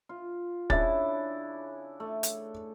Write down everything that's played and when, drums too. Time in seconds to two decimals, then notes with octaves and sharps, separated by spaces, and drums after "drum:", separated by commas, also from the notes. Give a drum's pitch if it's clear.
0.09 F4
0.70 C#3 D4 E4 E5 A6, drum: kick
2.00 A3
2.23 drum: hi-hat